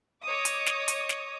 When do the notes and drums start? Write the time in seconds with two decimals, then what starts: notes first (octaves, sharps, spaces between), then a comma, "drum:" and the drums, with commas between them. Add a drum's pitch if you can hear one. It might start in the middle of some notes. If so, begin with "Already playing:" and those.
0.24 C#5 D#5 D6 D#6
0.45 drum: hi-hat
0.66 drum: snare
0.88 drum: hi-hat
1.09 drum: snare